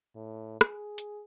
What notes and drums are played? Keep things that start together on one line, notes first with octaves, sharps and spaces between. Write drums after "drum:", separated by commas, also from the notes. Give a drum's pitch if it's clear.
A2
G#4, drum: rim click
drum: hi-hat